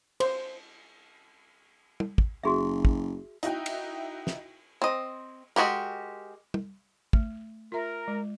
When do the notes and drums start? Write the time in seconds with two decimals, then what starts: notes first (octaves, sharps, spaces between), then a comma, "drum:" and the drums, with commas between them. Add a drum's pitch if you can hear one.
0.20 C5, drum: cymbal
2.00 drum: tom
2.18 drum: kick
2.44 F#1 F#4 G#4 E5
2.85 drum: kick
3.43 D#4 E4 F#4 G5, drum: hi-hat
3.66 drum: cymbal
4.27 drum: snare
4.82 C4 D#5
5.56 G#3 F#4 G4 A#4
6.54 drum: tom
7.13 A3, drum: kick
7.72 F4 A#4 E5
8.08 G#3